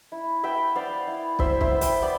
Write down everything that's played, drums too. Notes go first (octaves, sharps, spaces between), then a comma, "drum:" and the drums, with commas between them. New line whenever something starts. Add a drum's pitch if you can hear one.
E4
B3 E5 G5
B3 D5 F5
E4
E4 C5 E5, drum: kick
C5 E5, drum: kick
B3
E5 G5, drum: hi-hat
B3 D5